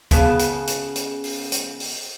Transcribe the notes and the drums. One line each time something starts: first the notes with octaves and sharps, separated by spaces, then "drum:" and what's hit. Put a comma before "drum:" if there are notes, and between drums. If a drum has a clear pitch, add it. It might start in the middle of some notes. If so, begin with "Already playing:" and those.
C#3 B3 A5, drum: kick C#2, hi-hat
drum: hi-hat
drum: hi-hat
drum: hi-hat
drum: open hi-hat
drum: hi-hat
drum: open hi-hat